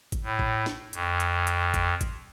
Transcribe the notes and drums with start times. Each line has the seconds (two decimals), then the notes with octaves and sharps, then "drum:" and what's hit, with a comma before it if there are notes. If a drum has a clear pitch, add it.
0.12 drum: kick G#1, hi-hat
0.23 A2
0.39 drum: kick G#1
0.66 drum: snare
0.93 F2, drum: hi-hat
1.20 drum: hi-hat
1.47 drum: hi-hat
1.74 drum: kick G#1, hi-hat
2.01 drum: kick G#1, hi-hat